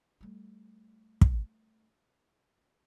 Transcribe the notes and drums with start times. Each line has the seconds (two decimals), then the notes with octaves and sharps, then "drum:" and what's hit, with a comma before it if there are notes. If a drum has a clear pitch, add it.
0.21 G3 A3
1.21 drum: kick